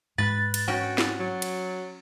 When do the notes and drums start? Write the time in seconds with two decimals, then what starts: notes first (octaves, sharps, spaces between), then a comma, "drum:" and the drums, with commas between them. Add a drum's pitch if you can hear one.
0.18 G#2 B4 A6
0.54 drum: cymbal
0.68 C#4 F#4 G5
0.98 drum: snare
1.20 F#3
1.42 drum: cymbal